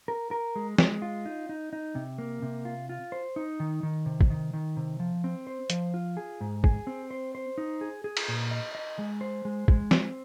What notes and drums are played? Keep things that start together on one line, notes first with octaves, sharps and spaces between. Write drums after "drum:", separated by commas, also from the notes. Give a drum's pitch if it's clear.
A#4
A#4
G#3
G#3, drum: snare
F4
D#4
D#4
D#4
C3
A#3
C3
F4
F4
C5
D#4
D#3
D#3
C3
drum: kick
D#3
D#3
C3
F3
C4
C5
F3, drum: hi-hat
F4
G#4
G#2
G#4, drum: kick
C4
C5
C5
D#4
G#4
G#4
drum: cymbal
A#2
D#5
D#5
G#3
C5
G#3
G#3, drum: kick
C4, drum: snare